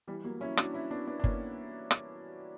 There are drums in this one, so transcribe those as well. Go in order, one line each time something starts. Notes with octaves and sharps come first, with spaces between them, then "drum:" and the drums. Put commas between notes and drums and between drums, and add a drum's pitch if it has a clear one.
E3 G3
F#3 A#3
C#4 E4
D4 F#4, drum: rim click
C#4 E4
B3 D4
B3 D4
D4
A#3 C#4, drum: kick G1
drum: rim click